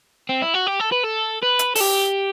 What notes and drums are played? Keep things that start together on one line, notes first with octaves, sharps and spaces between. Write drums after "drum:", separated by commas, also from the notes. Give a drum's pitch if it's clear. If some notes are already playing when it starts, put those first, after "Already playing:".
C4
E4
F#4
G4
A4
B4
A4
B4
drum: hi-hat
A4, drum: open hi-hat
G4